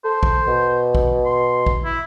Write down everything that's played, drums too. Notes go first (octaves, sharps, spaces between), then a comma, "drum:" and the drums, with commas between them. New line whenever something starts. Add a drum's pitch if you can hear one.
A4 C5
drum: kick A#1
B2
drum: kick A#1
C6
drum: kick A#1
E4